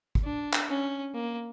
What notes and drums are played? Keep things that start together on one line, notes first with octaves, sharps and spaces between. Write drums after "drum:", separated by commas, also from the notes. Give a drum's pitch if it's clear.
drum: kick
D4
drum: clap
C#4
A#3